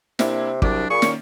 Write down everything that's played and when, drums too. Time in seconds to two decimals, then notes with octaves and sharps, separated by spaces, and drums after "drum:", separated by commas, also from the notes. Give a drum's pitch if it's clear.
0.19 C3 A#3 D4 E4, drum: snare
0.62 C2 F#3 D4 D6, drum: kick
0.90 A#2 G#4 B5 C#6
1.02 D#3 A#3 C#4, drum: snare